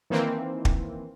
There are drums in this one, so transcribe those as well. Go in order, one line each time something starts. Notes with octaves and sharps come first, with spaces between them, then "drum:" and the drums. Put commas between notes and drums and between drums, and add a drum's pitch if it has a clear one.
D#3 E3 A#3 C4
drum: kick